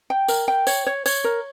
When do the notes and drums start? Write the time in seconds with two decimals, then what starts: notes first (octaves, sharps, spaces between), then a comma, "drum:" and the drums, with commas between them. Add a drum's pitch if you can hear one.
0.10 G5
0.28 A#4, drum: tambourine
0.48 G5
0.67 C#5, drum: tambourine
0.87 C#5
1.06 C#5, drum: tambourine
1.24 A#4